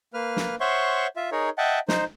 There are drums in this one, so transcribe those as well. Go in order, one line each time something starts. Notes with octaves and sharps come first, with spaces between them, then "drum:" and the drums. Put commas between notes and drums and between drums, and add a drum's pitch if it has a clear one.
A#3 B4 F6
drum: snare
C5 C#5 E5 F#5 C6 C#6
F4 E5
D#4 G#4 A#4 C#5
D#5 E5 F#5 G5 A5
D#4 C5, drum: snare